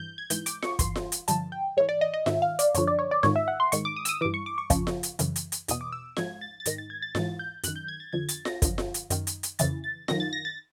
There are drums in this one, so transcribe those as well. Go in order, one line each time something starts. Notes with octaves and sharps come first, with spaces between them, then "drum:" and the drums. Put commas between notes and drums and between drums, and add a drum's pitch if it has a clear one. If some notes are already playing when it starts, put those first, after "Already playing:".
Already playing: G2 E3 G6
G#6
G#2 E3 G6, drum: hi-hat
D6, drum: hi-hat
C#6, drum: snare F4
G2 E3 C6, drum: kick, hi-hat
drum: snare F4
drum: hi-hat
G2 D3 F3 A5, drum: hi-hat
G5
G#2 E3 C#5
D5
D#5
D#5
G#2 D#3 E5, drum: snare F4
F5
D5, drum: hi-hat
F#2 D3 F3 C#5, drum: hi-hat
D5
C#5
D5
G#2 D#3 C#5, drum: snare F4
E5
F#5
C6
G#2 D#3 C#6, drum: hi-hat
D6
D#6
E6, drum: hi-hat
D#6
G2 E3 D6
C#6
D6
C#6
F2 C#3 F3, drum: kick, hi-hat
drum: snare F4
drum: hi-hat
F#2 C#3 E3, drum: hi-hat
drum: hi-hat
drum: hi-hat
E2 B2 D#6, drum: hi-hat
D6
E6
G#2 F3 G#6, drum: snare F4
A6
A6
G#2 D#3 A#6, drum: hi-hat
A6
G#6
A6
G#2 E3 A6, drum: snare F4
G6
F#2 D#3 F#6, drum: hi-hat
G6
G#6
A6
F2 D3 F3 G#6
A6, drum: hi-hat
A#6, drum: snare F4
F#2 D3 F3, drum: kick, hi-hat
drum: snare F4
drum: hi-hat
F#2 D#3, drum: hi-hat
drum: hi-hat
drum: hi-hat
F2 C#3 E3 A6, drum: hi-hat
A6
F#2 D#3 A#6, drum: snare F4
A6
A#6
A6